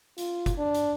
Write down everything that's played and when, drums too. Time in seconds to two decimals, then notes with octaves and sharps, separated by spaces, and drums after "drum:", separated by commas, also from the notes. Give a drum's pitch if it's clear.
0.18 F4, drum: hi-hat
0.46 drum: kick, hi-hat
0.58 D4
0.75 drum: hi-hat